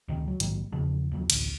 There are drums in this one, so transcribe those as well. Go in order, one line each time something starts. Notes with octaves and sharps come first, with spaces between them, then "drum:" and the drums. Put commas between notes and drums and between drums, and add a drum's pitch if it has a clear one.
D2 C3 D#3
F#3
A#1 G#2 D#3 F#3, drum: hi-hat
E2 C#3 F3
D#2 F3 F#3
A1 D2, drum: cymbal